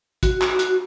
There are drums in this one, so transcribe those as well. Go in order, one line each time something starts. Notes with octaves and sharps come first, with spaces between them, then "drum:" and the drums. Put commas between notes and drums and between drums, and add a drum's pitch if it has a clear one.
F#4, drum: kick, hi-hat
F#4, drum: clap
F#4, drum: hi-hat